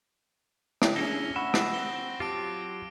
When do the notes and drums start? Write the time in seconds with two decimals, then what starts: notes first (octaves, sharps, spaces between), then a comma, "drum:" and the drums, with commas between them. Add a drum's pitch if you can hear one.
0.82 drum: rim click
0.96 A3 C#4 D4 E4 G#4 A#6 G7
1.36 E5 F#5 B5 C#6
1.54 drum: rim click
1.74 C4 G7
2.20 F#3 F4 G4 A5 D6 D7